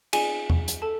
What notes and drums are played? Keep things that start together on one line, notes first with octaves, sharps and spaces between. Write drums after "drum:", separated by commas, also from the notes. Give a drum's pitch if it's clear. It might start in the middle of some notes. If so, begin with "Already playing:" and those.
G#4 G#5, drum: cymbal
drum: tom E2
drum: hi-hat
A4 A5